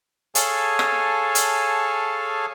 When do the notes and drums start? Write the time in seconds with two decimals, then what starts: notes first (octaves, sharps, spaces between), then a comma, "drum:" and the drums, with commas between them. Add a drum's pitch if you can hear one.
0.35 G#4 A4 C#5 F5 G#5 A5, drum: hi-hat
0.79 drum: rim click
1.35 drum: hi-hat